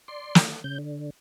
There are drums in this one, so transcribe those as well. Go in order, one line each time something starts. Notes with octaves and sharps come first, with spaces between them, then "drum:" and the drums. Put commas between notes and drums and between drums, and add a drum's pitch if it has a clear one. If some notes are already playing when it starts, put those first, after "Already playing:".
D5 C6
drum: snare
C#3 G6
D3